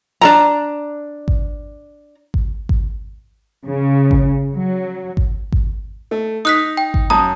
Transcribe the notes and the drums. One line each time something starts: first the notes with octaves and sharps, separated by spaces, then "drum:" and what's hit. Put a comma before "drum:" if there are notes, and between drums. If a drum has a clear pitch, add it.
D4 A#4 A#5
drum: kick G#1
drum: kick G#1
drum: kick G#1
C#3
drum: kick G#1
F#3
drum: kick G#1
drum: kick G#1
A3
D#4 D#6 F#6 B6
G5
drum: kick G#1
F#2 A5 A#5 D#6